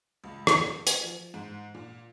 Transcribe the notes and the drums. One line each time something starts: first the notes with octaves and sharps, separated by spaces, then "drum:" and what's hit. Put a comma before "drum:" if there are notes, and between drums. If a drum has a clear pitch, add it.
C#2
A5, drum: rim click
drum: hi-hat
F3
G#2
A#2